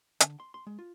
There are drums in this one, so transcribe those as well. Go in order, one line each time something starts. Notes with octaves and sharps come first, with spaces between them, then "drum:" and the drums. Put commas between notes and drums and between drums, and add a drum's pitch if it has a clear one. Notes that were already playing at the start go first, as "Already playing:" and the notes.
D3, drum: hi-hat
C6
C6
G#3
F4